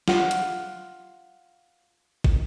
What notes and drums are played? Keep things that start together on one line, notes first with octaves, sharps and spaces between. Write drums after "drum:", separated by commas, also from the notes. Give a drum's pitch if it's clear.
F4 F#5, drum: snare
drum: hi-hat
drum: kick